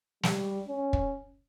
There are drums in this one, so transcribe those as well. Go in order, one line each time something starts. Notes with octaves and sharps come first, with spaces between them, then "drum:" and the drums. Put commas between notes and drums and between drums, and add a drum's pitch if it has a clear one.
G3, drum: snare
C#4
drum: kick